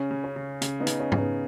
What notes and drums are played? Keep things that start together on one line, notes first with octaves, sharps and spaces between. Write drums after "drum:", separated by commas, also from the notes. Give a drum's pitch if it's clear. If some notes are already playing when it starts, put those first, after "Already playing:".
Already playing: C#3 C#4
C#3
C#4
C#3
C#3, drum: hi-hat
B3 D#4
C#3, drum: hi-hat
C#4
C#3, drum: tom G#2
B3 D#4